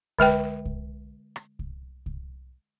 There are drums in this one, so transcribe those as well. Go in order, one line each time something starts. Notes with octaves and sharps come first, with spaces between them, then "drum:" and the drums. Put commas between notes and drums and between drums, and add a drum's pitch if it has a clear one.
D3 G#3 B4 G5, drum: kick C2
drum: kick C2
drum: rim click
drum: kick C2
drum: kick C2